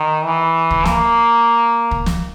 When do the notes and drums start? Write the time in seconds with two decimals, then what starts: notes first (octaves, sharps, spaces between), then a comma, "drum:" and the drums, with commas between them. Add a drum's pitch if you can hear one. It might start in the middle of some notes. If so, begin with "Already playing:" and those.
Already playing: D#3
0.25 E3
0.71 drum: kick
0.85 A#3, drum: snare
1.91 drum: kick
2.06 drum: snare